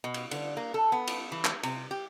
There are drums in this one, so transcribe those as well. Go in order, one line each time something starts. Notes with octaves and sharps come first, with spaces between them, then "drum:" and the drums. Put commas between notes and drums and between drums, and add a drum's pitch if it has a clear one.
B2
drum: cymbal
D3, drum: cymbal
A#3
A4
B3
drum: cymbal
E3
drum: clap
C3, drum: cymbal
G4